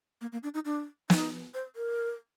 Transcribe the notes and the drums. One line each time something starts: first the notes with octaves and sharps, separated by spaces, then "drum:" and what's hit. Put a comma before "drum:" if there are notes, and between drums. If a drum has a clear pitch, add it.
A#3
A#3
D4
D#4
D4
D#4, drum: snare
C5
A#4